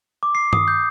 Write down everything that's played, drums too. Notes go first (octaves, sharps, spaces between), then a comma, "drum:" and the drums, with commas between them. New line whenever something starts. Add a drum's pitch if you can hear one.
D6
C7
D#6, drum: tom G2
G6